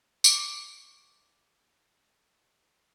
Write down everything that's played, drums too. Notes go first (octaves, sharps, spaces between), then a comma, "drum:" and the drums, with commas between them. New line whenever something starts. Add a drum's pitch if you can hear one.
C#6 D6, drum: tambourine